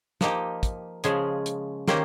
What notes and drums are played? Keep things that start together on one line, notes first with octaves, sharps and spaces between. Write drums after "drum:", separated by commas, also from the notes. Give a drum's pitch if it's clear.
F3 A#3 D#4 G4, drum: snare
drum: kick, hi-hat
C#3 F3 G#3 C#4 G#4, drum: hi-hat
drum: hi-hat
D#3 A#3 C#4 G4 C5, drum: snare